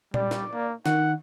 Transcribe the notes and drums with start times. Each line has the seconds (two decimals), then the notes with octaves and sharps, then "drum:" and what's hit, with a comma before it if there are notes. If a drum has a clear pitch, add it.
0.14 G3 D5, drum: tom A#2
0.31 drum: snare
0.53 A#3
0.86 D#3 F#5, drum: snare